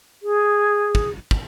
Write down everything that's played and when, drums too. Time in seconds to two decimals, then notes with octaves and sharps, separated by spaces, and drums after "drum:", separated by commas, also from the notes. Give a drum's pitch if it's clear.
0.22 G#4
0.95 drum: kick
1.31 drum: kick